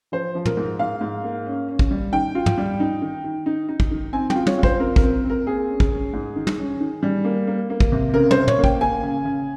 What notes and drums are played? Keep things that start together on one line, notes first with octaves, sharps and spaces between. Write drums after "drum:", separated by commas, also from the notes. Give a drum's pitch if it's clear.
F3 C5
F3
A#4, drum: tom
G#2
G#2 F5
G#2
A#3
C#4
C#4
drum: kick
G3
D#3 G5
F4
drum: tom
G3
D#4
D#3
D#3
D#4
D#4
drum: kick
D#3
C4 G#5
G5, drum: tom
F4
C#5, drum: tom
F4
C5, drum: kick
C4 A#4
A#4, drum: kick
C4
C4
A#4
A#3 G#4
C#4
drum: kick
C#4
G#2
D#3
drum: tom
C#4
D#3
G3
A#3
A#3
A#3
drum: kick
C3
C#3 A#4
C5, drum: tom
C#3
C#5, drum: tom
A#3
G5, drum: kick
A#3 G#5
C#3
C#3